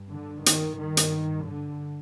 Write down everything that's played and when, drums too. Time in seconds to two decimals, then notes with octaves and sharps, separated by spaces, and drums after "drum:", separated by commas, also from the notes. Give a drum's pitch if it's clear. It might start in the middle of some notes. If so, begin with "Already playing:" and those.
Already playing: G2
0.12 D3
0.46 G2 D#3, drum: hi-hat
0.79 D#3
0.97 drum: hi-hat
1.47 D3